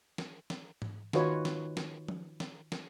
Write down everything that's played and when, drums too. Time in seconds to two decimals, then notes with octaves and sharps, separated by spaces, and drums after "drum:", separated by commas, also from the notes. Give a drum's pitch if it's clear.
0.18 drum: snare
0.50 drum: snare
0.82 drum: tom G#2
1.13 D#3 D#4 F4 F#4 B4 C#5, drum: snare
1.45 drum: snare
1.77 drum: snare
2.08 drum: tom F3
2.40 drum: snare
2.72 drum: snare